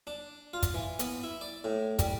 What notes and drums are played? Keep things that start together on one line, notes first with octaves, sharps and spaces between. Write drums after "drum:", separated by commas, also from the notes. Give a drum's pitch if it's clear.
D4
F4
drum: kick, hi-hat
E3
B3, drum: hi-hat
E4
D5
A2
G3, drum: kick, hi-hat